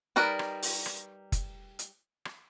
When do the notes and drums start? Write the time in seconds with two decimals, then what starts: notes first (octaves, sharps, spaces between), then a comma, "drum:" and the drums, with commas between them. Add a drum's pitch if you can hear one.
0.16 G3 D#4 A#4 B4 D5
0.39 drum: rim click
0.62 drum: open hi-hat
0.86 drum: rim click
1.32 drum: kick F#1, hi-hat
1.79 drum: hi-hat
2.25 drum: rim click